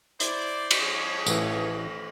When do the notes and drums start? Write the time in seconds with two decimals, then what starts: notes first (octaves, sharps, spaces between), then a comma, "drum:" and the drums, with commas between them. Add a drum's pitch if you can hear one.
0.20 E4 C5 D5, drum: hi-hat
0.71 drum: cymbal
0.80 F3 G#4 C#5
1.26 A1 E3, drum: tambourine